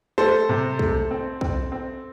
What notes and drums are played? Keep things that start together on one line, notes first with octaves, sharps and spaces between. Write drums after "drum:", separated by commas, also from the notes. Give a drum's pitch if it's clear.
A3 A4 C5
C3
A3, drum: kick
C4
C4, drum: kick
C4